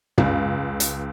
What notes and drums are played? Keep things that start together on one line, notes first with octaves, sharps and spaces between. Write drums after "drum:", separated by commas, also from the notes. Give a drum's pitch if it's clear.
C#2, drum: tom
drum: hi-hat